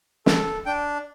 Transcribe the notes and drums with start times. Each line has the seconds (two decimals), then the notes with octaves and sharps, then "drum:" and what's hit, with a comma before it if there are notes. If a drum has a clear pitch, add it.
0.26 A4, drum: snare
0.66 D4 G5